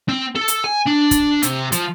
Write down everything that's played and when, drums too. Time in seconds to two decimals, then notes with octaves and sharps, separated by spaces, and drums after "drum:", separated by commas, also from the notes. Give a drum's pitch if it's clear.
0.09 C4
0.35 A4
0.48 drum: hi-hat
0.64 G#5
0.86 D4
1.11 drum: kick, hi-hat
1.43 C3, drum: hi-hat
1.72 F3, drum: hi-hat